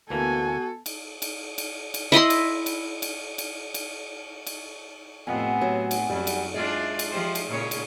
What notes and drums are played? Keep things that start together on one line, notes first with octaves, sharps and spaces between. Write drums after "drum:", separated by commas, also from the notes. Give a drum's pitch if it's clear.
D2 E3 A#3 B3 F#4 A4 G#5
drum: cymbal
drum: cymbal
drum: cymbal
drum: cymbal
E4 D#5 B5 C6
drum: cymbal
drum: cymbal
drum: cymbal
drum: cymbal
drum: cymbal
drum: cymbal
F2 A2 C3 B3 F#5 G#5
F#3
drum: cymbal
F#2 G3
drum: cymbal
G#3 D4 F4 D5 E5
drum: cymbal
F3 G4 C5
drum: cymbal
A#2 C#3 C#5
drum: cymbal